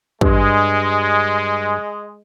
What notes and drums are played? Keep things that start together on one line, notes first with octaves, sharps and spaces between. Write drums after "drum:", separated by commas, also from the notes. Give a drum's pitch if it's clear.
G2 G#3, drum: kick